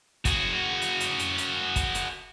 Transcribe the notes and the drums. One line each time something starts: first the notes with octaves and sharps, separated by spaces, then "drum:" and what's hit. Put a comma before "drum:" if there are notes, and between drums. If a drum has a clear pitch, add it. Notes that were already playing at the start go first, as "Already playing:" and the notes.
F#4 G#4, drum: kick, hi-hat
drum: hi-hat
drum: hi-hat
drum: hi-hat
drum: hi-hat
drum: kick, hi-hat
drum: hi-hat